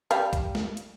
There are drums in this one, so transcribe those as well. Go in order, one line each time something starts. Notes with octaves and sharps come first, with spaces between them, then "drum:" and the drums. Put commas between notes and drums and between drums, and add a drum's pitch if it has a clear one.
G3 G4 F5, drum: hi-hat
drum: kick, hi-hat
drum: snare
drum: hi-hat